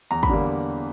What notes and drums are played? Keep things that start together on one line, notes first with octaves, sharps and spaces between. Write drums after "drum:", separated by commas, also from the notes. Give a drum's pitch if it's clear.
E2 A#5
B5, drum: kick
D3 G3 A#3